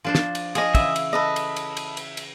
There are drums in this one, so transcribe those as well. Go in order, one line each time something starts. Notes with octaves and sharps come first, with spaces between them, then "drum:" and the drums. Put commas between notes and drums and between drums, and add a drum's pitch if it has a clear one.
F3 D4 C5
drum: snare
drum: cymbal
F3 G#4 D#5, drum: cymbal
C#3 E3 E5, drum: kick, cymbal
drum: cymbal
A4 B4 D#5
drum: cymbal
drum: cymbal
drum: cymbal
drum: cymbal
drum: cymbal